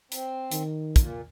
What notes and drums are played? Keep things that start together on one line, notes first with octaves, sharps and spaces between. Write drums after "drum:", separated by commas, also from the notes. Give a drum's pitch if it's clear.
C4, drum: hi-hat
D#3, drum: hi-hat
A#2, drum: kick, hi-hat